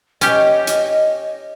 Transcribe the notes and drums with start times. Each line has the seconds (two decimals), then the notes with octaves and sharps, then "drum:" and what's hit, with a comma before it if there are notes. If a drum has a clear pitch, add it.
0.21 C#4 G4 D#5, drum: hi-hat
0.67 drum: hi-hat